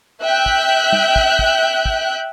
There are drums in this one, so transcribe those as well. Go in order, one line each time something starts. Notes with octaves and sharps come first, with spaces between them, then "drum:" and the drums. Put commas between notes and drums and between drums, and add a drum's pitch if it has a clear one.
E5 G5 F#6 G6
drum: kick
drum: tom
drum: kick
drum: kick
drum: kick